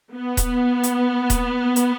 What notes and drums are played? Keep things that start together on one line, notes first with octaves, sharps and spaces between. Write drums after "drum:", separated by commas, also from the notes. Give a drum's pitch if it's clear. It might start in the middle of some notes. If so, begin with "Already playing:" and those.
B3
drum: kick D#1, hi-hat
drum: hi-hat
drum: kick D#1, hi-hat
drum: hi-hat